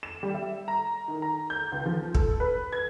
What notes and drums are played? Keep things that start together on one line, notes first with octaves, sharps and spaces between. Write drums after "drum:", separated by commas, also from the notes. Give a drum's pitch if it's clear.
E7
G3
E5
A#5
D#3
A#5
G6
C#2
F3
A4, drum: kick
B4
G#6